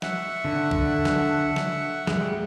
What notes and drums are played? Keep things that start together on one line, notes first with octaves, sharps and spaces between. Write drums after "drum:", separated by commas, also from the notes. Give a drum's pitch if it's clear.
E5 F#5 C#6, drum: snare
D3
drum: kick B1
drum: snare
drum: snare
G3 G#3, drum: snare